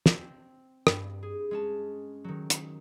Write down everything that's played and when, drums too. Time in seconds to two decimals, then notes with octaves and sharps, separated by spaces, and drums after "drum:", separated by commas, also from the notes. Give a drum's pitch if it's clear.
0.06 C4, drum: snare
0.87 G2, drum: rim click
1.23 G#4
1.51 G#3 C#4 A5
2.24 D#3 F#3
2.50 drum: hi-hat